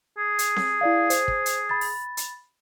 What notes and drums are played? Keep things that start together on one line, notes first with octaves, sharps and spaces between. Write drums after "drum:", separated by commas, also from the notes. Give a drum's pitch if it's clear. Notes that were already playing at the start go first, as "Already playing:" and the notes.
G#4
drum: hi-hat
drum: snare C4
E4 D5 F5
C5, drum: hi-hat
drum: kick
drum: hi-hat
B5 A6
drum: open hi-hat
drum: hi-hat